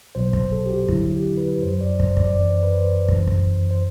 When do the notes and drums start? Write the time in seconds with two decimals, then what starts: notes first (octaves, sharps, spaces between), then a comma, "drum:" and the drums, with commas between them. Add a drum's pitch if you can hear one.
0.15 B1 B2 F#3 C5
0.33 C5, drum: kick
0.52 A4
0.66 G4
0.70 F#4
0.88 D2 D3 F#3 E4, drum: kick
1.13 G4
1.37 B4
1.62 F#2 F#3 C5
1.81 D5
2.00 C5, drum: kick
2.17 D5, drum: kick
2.35 F#2 E3 D5
2.50 C5
2.63 B4
2.77 C5
3.08 F#2 E3, drum: kick
3.27 drum: kick
3.71 C5